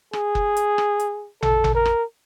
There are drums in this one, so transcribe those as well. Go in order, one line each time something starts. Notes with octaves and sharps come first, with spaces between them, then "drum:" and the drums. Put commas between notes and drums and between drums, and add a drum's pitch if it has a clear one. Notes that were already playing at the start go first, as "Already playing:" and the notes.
G#4, drum: rim click
drum: kick F#1
drum: hi-hat
drum: rim click
drum: hi-hat
A4, drum: tom
drum: tom
A#4
drum: rim click